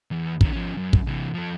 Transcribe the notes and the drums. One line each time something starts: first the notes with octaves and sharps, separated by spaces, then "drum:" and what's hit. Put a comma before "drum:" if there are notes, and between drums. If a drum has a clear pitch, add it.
E2
D#3 C#4, drum: kick
F3 C#4
F#2
drum: kick
C3 E3
F3 A4